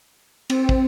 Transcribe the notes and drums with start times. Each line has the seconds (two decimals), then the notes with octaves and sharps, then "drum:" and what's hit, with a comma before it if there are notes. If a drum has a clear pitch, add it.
0.50 C4, drum: cymbal
0.69 drum: kick